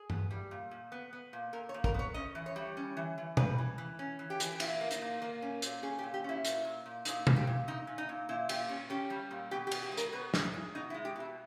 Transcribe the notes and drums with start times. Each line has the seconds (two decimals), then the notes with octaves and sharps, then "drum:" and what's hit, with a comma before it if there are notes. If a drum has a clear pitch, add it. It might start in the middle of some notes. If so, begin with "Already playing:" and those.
Already playing: G#4
0.10 B3, drum: tom G2
0.31 G3
0.51 A#2
0.71 A#2
0.92 B3
1.13 B3
1.33 A#2
1.53 A#2 A#4
1.69 C#5
1.74 A#2
1.84 A#4, drum: kick
1.94 B3 C#5
2.14 C#4 D#5
2.35 E3
2.46 C#5
2.56 G3
2.77 C#4
2.97 E3
3.18 E3
3.37 G3 B4, drum: tom
3.58 E3
3.78 E3
3.99 C#4
4.19 E3
4.30 G4
4.40 E3, drum: hi-hat
4.52 G4
4.60 A#2 E4, drum: cymbal
4.81 A#3
4.91 D#4, drum: hi-hat
5.02 A#2
5.22 A#3
5.42 C#4
5.62 A#2, drum: hi-hat
5.83 C#4 G#4
5.99 G4
6.03 A#2
6.14 G4
6.24 C#4 E4
6.45 A#2, drum: hi-hat
6.65 A#2
6.86 A#2
7.05 A#2 D#4, drum: hi-hat
7.27 A#2, drum: tom B2
7.36 G4
7.47 A#2
7.68 A#2 D#4
7.87 A#2
7.98 D#4
8.09 A#2
8.29 A#2 E4
8.49 A#2 G4, drum: cymbal
8.69 C#4
8.90 C#4 G4
9.10 G3
9.31 A#2
9.51 B2 G4
9.67 G4
9.71 B2, drum: cymbal
9.83 G4
9.92 G#3
9.97 A#4, drum: hi-hat
10.12 B2 B4
10.34 G#3, drum: snare
10.44 D#4
10.54 G#3
10.75 B2 D#4
10.90 E4
10.94 G#3
11.05 G4
11.16 B2 E4